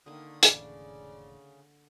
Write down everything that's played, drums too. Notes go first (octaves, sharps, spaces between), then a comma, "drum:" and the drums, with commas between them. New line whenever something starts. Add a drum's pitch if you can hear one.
D3 D#3 A#3 D#6
F1 A2 C#3 E3 D5, drum: hi-hat